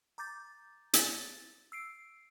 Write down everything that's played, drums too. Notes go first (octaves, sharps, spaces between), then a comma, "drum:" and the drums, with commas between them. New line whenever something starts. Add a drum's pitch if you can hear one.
A#5 D6 G6 A6
A6, drum: hi-hat
E6 C7 D7